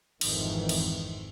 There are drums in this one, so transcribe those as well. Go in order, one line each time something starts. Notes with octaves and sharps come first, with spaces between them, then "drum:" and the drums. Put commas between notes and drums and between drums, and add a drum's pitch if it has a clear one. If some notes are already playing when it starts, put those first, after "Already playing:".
G#1 F2 G#2 D#3 E3, drum: cymbal
drum: cymbal